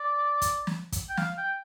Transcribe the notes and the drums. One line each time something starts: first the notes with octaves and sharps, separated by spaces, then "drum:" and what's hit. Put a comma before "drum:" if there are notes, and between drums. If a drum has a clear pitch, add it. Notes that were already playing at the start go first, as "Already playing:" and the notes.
Already playing: D5
drum: kick, hi-hat
drum: snare
drum: kick, hi-hat
G5
F5, drum: snare
G5